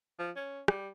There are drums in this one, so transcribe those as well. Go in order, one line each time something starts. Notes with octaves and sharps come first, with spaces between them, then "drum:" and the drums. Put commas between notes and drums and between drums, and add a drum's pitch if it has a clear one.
F3
C#4
G3, drum: rim click